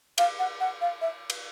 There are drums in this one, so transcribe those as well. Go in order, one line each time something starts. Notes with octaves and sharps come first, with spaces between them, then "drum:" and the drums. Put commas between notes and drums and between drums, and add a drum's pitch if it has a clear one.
F5, drum: cymbal
F#5
F#5
F5
E5
drum: cymbal